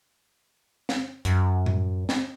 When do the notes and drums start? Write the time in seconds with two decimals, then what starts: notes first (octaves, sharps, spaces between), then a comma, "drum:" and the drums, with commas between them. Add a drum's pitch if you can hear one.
0.89 drum: snare
1.25 F#2, drum: hi-hat
1.66 drum: tom A2
2.09 drum: snare